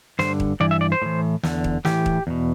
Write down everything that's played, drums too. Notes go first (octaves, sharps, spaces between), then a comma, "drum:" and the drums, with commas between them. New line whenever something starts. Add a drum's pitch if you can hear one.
G2 D3 C5, drum: snare
drum: kick D#1
G2 E3 D5
E5
D5
C5
A2 E3
E2 D3, drum: snare
drum: kick D#1
A2 E3 G4, drum: snare
drum: kick D#1
E2 B2